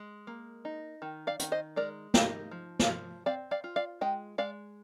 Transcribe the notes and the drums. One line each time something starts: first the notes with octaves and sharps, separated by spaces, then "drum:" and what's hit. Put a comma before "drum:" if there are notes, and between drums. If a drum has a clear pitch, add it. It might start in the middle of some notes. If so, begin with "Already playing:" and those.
Already playing: G#3
A#3
D#4
D#3
D5 F5
D#3, drum: hi-hat
C5 D#5
G#3 A#4 D5
D#4 G4 A#4, drum: snare
F3
drum: snare
F3
C4 D5 F5
D5 F5
F4
D5 F5
G#3 D#5 G5
G#3 D5 F5